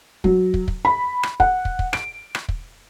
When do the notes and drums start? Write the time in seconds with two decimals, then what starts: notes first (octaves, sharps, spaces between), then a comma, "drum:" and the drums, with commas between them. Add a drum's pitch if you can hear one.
0.24 F#3, drum: kick
0.54 drum: kick
0.68 drum: kick
0.85 B5
1.23 drum: rim click
1.40 F#5, drum: kick
1.65 drum: kick
1.79 drum: kick
1.93 D7, drum: rim click
2.35 drum: rim click
2.49 drum: kick